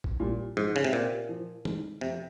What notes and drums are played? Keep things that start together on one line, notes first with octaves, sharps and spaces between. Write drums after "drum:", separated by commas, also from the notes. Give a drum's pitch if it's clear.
drum: kick A1
A#2 G3
G#2 F3
C#3
C3
A#2 C4 G4 C5
F3
G#3 D#4, drum: tom
F2 C3